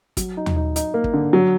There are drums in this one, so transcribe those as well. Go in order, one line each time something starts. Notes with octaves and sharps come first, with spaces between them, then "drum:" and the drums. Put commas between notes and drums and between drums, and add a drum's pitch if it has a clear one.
F#3, drum: kick, hi-hat
D#4
drum: tom
D#4
D#4, drum: hi-hat
A#3
drum: kick
D3
F#3